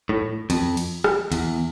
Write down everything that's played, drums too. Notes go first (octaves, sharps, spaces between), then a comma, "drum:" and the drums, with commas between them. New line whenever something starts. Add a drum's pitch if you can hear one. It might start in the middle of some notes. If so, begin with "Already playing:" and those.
A2
F2, drum: cymbal
drum: cymbal
drum: rim click
E2, drum: cymbal